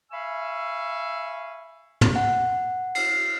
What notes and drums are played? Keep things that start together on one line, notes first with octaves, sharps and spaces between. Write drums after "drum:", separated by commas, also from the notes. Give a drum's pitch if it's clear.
E5 F5 G#5 B5 C#6 E6
drum: tom
F#5
C7, drum: cymbal